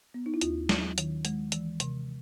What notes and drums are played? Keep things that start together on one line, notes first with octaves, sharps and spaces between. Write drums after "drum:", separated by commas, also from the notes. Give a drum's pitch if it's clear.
B3
D#4
E4
D#2 F4, drum: hi-hat
F#3, drum: snare
D#3, drum: hi-hat
G#3, drum: hi-hat
E3, drum: hi-hat
C3, drum: hi-hat